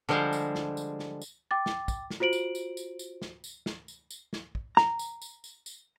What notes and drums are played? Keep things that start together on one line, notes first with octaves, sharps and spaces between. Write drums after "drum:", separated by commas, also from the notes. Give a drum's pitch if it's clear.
D3 F3 G3 G#3 C5
drum: tambourine
drum: snare
drum: tambourine
drum: snare
drum: tambourine
G5 D6 A6
drum: snare
drum: kick, tambourine
drum: snare
F4 F#4 C5 D7 F#7
drum: tambourine
drum: tambourine
drum: tambourine
drum: tambourine
drum: snare
drum: tambourine
drum: snare
drum: tambourine
drum: tambourine
drum: snare
drum: kick
A#5, drum: snare
drum: tambourine
drum: tambourine
drum: tambourine
drum: tambourine